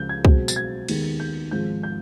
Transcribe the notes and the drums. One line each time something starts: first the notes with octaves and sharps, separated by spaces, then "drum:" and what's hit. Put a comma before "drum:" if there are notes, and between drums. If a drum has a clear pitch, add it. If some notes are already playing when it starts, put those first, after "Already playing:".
Already playing: C#2 C#3 F3 G6
G#6
B1 B2 G#3 C4, drum: kick C2
A6, drum: tambourine
G#6
D#2 D#3 G#3 B3, drum: cymbal
G6
G#1 G#2 F3 G#3 C4 G6
G6